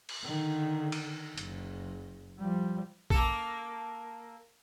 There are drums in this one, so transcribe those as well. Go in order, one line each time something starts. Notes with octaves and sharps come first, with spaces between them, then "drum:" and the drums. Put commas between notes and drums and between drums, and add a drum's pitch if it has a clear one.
drum: cymbal
D3 D#3
drum: cymbal
F#1, drum: hi-hat
F3 G3
A#3 A4, drum: kick A#1